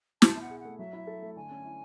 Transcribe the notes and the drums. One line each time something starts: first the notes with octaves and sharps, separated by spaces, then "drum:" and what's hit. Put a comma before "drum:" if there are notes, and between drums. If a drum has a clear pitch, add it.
B2 A5, drum: snare
E4
F#5
G#4
F#5
A3
F#3 E5
E4
A4
A3
D3 G#5
C#4
E4